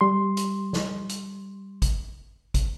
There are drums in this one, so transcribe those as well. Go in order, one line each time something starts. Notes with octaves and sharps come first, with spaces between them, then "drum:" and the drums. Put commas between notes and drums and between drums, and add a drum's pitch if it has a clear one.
G3 C6
drum: hi-hat
drum: snare
drum: hi-hat
drum: kick G#1, hi-hat
drum: kick G#1, hi-hat